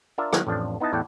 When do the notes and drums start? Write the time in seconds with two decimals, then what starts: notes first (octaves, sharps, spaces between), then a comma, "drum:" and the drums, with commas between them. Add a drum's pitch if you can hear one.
0.18 D4 F4 A#4 D5 E5
0.33 D#3 F3 F#3 G#3 A#3, drum: rim click
0.47 A1 F2 F3 D4
0.80 B3 D#4 E4 D#5 A5
0.93 E2 A2 A4 D5 F#5 G5